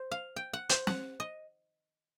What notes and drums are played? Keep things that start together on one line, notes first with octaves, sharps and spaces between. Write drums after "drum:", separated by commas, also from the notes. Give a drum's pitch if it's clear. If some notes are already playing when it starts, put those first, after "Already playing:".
Already playing: C5
F5
G5
F#5
C5, drum: hi-hat
F#5, drum: snare
D#5